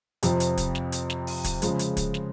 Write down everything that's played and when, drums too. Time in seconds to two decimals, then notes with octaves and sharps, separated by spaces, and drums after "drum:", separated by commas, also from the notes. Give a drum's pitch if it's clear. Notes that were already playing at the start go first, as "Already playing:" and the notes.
0.23 F2 C3 F3, drum: hi-hat
0.40 drum: hi-hat
0.57 drum: kick, hi-hat
0.75 drum: snare
0.92 drum: hi-hat
1.10 drum: snare
1.27 drum: open hi-hat
1.44 drum: kick, hi-hat
1.62 C#3 F3 G#3, drum: hi-hat
1.79 drum: hi-hat
1.97 drum: kick, hi-hat
2.14 drum: snare